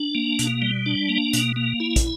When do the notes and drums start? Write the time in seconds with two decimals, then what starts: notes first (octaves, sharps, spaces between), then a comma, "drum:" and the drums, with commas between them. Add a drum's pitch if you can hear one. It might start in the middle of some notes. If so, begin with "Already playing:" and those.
Already playing: D4
0.15 A#3
0.39 B2, drum: hi-hat
0.62 G3
0.86 D4
1.09 A#3
1.33 B2, drum: hi-hat
1.56 A#3
1.80 E4
1.96 drum: kick, hi-hat